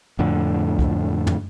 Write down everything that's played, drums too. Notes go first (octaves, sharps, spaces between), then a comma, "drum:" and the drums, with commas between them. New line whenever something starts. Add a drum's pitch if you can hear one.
F2 A2 D3
drum: kick
drum: tom